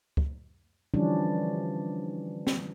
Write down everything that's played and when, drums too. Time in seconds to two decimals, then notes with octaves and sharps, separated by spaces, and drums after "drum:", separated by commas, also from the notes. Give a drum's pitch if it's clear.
0.17 drum: kick C#2
0.94 D3 E3 F3 G3 C#4 D4
2.47 drum: snare C4